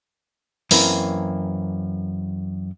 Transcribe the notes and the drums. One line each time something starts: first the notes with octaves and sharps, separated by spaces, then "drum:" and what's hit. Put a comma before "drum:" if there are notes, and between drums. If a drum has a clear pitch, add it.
F#2 E3 A#3 C4, drum: open hi-hat